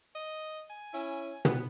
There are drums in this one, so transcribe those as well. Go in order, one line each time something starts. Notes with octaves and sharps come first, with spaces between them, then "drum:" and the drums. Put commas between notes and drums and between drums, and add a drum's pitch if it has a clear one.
D#5
G#5
C#4 E4
B3, drum: tom